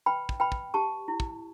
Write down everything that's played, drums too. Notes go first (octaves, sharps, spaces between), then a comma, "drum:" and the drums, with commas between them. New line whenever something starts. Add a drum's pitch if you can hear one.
B4 G5 B5
drum: kick
B4 G5 B5
drum: kick
G4 A5 C#6
E4
drum: kick